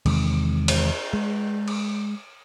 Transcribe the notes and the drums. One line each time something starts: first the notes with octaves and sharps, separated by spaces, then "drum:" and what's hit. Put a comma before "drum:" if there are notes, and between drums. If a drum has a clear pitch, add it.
E2 C3 D#3 G#3, drum: cymbal
drum: cymbal
G#3
drum: cymbal